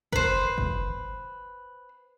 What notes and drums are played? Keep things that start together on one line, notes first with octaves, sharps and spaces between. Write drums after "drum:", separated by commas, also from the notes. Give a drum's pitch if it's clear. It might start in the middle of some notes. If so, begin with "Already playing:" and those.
B4 C5, drum: kick F#1
drum: kick F#1